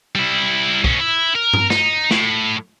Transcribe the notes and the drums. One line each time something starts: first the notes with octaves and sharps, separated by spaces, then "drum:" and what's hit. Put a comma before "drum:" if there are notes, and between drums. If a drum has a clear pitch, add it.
G3 E4
B2 C#4, drum: kick
E4
A#4
drum: tom G2
D#4, drum: snare
A2, drum: snare